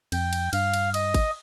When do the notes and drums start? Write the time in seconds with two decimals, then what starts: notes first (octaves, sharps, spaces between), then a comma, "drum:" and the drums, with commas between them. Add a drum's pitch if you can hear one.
0.12 F2 G5, drum: cymbal
0.33 drum: cymbal
0.53 G2 F5, drum: cymbal
0.74 drum: cymbal
0.94 D#5, drum: cymbal
1.14 drum: kick G#1, cymbal